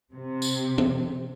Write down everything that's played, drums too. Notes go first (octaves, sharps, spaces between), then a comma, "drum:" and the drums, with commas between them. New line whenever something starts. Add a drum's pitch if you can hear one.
C3
drum: tambourine
drum: tom